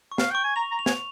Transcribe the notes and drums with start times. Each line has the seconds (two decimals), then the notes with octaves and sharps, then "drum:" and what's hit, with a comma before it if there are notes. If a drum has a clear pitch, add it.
0.12 C#6
0.18 F5, drum: snare
0.31 G5 C#6
0.44 G#5
0.56 A#5 F7
0.71 A#5
0.79 F7
0.86 G#5, drum: snare